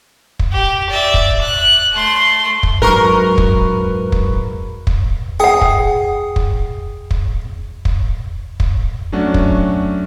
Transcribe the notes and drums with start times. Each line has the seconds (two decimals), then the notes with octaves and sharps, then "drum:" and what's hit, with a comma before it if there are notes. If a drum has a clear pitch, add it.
0.39 drum: kick
0.53 G4
0.90 D5 E5
1.14 drum: kick
1.42 F#6
1.92 A3 C6
2.63 drum: kick
2.82 G#2 F#3 A#4 B4 C#6
3.38 drum: kick
4.12 drum: kick
4.87 drum: kick
5.40 G#4 F#5 G5
5.61 drum: kick
6.36 drum: kick
7.11 drum: kick
7.85 drum: kick
8.60 drum: kick
9.12 F#3 A3 C#4 D4 F#4
9.34 drum: kick